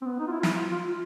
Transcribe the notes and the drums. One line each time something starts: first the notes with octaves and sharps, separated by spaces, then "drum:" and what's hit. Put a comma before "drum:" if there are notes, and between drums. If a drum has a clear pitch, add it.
C4
B3
D#4
F4
E4
F4
E4, drum: snare
F4
F4